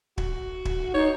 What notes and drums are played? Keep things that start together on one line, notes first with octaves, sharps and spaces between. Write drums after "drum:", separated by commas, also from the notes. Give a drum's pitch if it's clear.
F#4, drum: kick
drum: kick
D#4 C#5